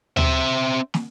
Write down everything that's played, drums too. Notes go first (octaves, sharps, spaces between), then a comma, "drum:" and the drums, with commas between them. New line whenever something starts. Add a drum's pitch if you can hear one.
C4 E5, drum: tom D2
drum: snare